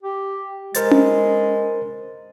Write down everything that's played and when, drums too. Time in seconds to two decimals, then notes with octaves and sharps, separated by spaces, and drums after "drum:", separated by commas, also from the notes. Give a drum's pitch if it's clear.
0.03 G4
0.75 G#3 A#4 C5 A6, drum: hi-hat
0.91 drum: tom C#4